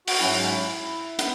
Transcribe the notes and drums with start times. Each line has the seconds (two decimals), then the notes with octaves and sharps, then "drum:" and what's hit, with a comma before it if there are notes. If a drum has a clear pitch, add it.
0.08 F#4, drum: open hi-hat
0.19 G#2 F#3 C#4 E4
1.19 B3, drum: hi-hat